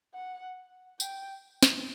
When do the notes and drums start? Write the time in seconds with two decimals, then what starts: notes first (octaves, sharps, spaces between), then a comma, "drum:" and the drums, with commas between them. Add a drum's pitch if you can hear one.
0.14 F#5
1.00 G5, drum: tambourine
1.63 drum: snare